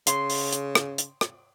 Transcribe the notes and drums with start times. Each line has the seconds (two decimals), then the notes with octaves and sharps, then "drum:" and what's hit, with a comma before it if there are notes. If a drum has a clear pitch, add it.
0.07 C#3 C6, drum: hi-hat
0.30 drum: open hi-hat
0.53 drum: hi-hat
0.75 drum: rim click
0.98 drum: hi-hat
1.21 drum: rim click